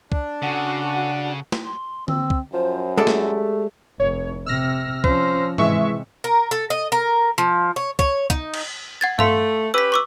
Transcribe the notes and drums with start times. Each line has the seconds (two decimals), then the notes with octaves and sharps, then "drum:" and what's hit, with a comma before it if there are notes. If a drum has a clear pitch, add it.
0.12 D4, drum: kick
0.42 C#3 F#4 A4 F#5
1.52 drum: snare
1.64 C6
2.08 C4 E6, drum: tom D3
2.30 drum: kick
2.53 F#2 F3 C5
2.97 G#3 A3 G4 A4 D5
3.07 drum: snare
4.00 F1 C#5
4.46 C3 E6 F6 A#6
5.04 F3 C#4 C5, drum: kick
5.58 C3 E3 G#3 E5 C#6, drum: tom
6.24 A#4
6.51 A4
6.70 D#5
6.92 A#4
7.38 F3
7.76 C#5
7.99 C#5, drum: kick
8.30 D#4, drum: kick
8.54 drum: cymbal
9.01 F#5 G#6 A6
9.19 A3 F5 C6, drum: tom G2
9.74 C#4 G4 B4 E6 B6
9.92 C#6 D6 E6